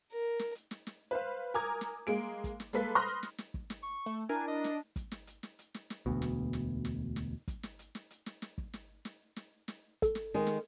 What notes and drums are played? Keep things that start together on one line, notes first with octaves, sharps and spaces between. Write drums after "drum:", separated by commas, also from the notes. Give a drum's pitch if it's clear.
A#4
drum: snare
drum: hi-hat
drum: snare
drum: snare
B4 C5 F5
A#4 G#5 A#5 D6 D#6 G#6
drum: snare
G#3 A#3 G#4 D7
drum: kick, hi-hat
drum: snare
G#3 A#3 A4 B4 B6, drum: hi-hat
B5 C6 D#6 F6 F#6 A#6
drum: hi-hat
drum: snare
drum: snare
drum: kick
drum: snare
C#6
A3
D4 E4 A#4 G#5
D#5
drum: snare
drum: kick, hi-hat
drum: snare
drum: hi-hat
drum: snare
drum: hi-hat
drum: snare
drum: snare
E1 D2 B2, drum: kick
drum: snare
drum: snare
drum: snare
drum: snare
drum: kick, hi-hat
drum: snare
drum: hi-hat
drum: snare
drum: hi-hat
drum: snare
drum: snare
drum: kick
drum: snare
drum: snare
drum: snare
drum: snare
A4, drum: kick, hi-hat
drum: snare
D#3 G#3
drum: snare